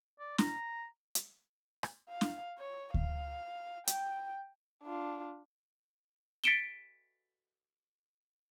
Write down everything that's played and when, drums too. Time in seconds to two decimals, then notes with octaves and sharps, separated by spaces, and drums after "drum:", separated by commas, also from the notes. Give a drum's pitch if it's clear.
0.20 D5
0.38 A#5, drum: snare
1.15 drum: hi-hat
1.83 drum: rim click
2.09 F5
2.21 drum: snare
2.58 C#5
2.94 F5, drum: kick D2
3.87 G5, drum: hi-hat
4.83 D4 F4
6.44 A6 B6 C#7 D7 E7 G7